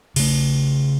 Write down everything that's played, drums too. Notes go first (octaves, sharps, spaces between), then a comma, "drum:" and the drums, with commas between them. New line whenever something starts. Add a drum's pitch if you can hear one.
C#3 A3, drum: cymbal